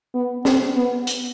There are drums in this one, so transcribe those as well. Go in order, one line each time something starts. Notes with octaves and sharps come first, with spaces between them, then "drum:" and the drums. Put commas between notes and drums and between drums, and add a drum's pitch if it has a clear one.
B3
C4, drum: snare
B3
drum: hi-hat